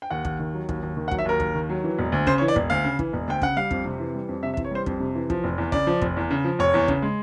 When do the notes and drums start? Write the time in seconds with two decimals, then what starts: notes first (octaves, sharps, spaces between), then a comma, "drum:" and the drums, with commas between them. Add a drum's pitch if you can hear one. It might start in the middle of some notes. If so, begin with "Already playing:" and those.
0.02 G5
0.10 D#2 F#5
0.25 D#2, drum: kick
0.39 D#3
0.54 F#3
0.69 D#2, drum: kick
0.83 D#2
0.97 D#3
1.08 F#5
1.11 F#3, drum: kick
1.19 E5
1.25 D#2 A#4
1.40 D#2, drum: kick
1.55 D#3
1.69 F#3
1.84 E3
1.99 E1
2.12 D2
2.27 C#3 C5, drum: kick
2.38 C#5
2.42 E3
2.48 D5
2.56 E1, drum: kick
2.70 D2 F5
2.84 C#3
2.99 E3, drum: kick
3.13 E1
3.28 D2 G5
3.42 C#3 F#5, drum: kick
3.56 G3 F5
3.71 F2, drum: kick
3.85 C3
3.99 E3
4.14 G3
4.28 F2
4.43 C3 E5
4.54 E5
4.57 E3, drum: kick
4.64 C#5
4.71 G3 C5
4.86 F2, drum: kick
5.00 C3
5.15 E3
5.30 F3, drum: kick
5.44 F1
5.58 E2
5.72 C#3 D5, drum: kick
5.87 F3
6.02 F1, drum: kick
6.17 E2
6.30 C#3
6.45 F3
6.59 F1 C#5
6.74 E2
6.88 C#3, drum: kick
7.02 G#3